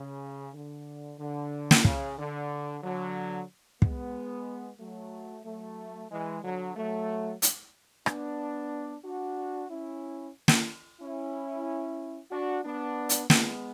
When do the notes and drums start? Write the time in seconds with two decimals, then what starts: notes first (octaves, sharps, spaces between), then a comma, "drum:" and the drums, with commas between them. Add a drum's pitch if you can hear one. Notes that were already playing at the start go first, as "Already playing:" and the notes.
Already playing: C#3
0.54 D3
1.19 D3
1.71 drum: snare
1.85 C#3, drum: kick
2.18 D3
2.83 D3 F#3
3.82 G#3 B3, drum: kick
4.79 F#3 A3
5.45 F#3 A3
6.10 E3 G#3
6.43 D3 F#3
6.76 F#3 A3
7.42 drum: hi-hat
8.06 B3 D4, drum: rim click
9.04 D4 F#4
9.70 C#4 E4
10.48 drum: snare
11.01 C#4 E4
12.31 D4 F#4
12.64 B3 D4
13.09 drum: hi-hat
13.30 G#3 B3, drum: snare